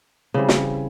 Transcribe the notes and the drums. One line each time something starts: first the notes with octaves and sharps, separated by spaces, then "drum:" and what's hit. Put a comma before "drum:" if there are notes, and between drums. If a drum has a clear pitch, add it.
C#3 E3 G3 C4
drum: snare